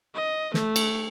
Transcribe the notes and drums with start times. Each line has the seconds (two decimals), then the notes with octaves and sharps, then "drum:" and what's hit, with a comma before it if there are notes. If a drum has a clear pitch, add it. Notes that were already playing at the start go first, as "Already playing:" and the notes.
0.15 D#5
0.54 A3, drum: snare
0.76 drum: cymbal